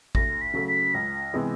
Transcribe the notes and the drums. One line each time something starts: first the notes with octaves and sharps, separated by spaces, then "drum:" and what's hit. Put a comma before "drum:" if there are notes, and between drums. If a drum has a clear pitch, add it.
D2 A#6, drum: kick A1
B6
C#3 F#3 A3
B6
C#2 A#6
C3 E3 G#3 B3